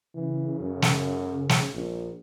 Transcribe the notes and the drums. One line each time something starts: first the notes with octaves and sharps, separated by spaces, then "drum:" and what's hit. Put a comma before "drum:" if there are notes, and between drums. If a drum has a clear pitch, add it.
C#3 E3
F#2
drum: snare
drum: snare
A#1